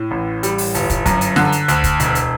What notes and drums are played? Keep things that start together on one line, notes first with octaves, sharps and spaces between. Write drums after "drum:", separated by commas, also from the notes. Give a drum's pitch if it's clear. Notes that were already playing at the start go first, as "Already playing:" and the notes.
Already playing: A2
A1
G3, drum: hi-hat
drum: open hi-hat
G1, drum: hi-hat
drum: kick, hi-hat
F#2, drum: kick, hi-hat
drum: hi-hat
D3, drum: snare
drum: hi-hat
D2, drum: hi-hat
drum: kick, hi-hat
E1, drum: hi-hat
drum: hi-hat